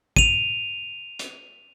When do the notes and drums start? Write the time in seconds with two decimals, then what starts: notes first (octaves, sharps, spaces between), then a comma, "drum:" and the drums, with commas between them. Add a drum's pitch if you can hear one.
0.16 D#7 F7, drum: kick
1.19 drum: hi-hat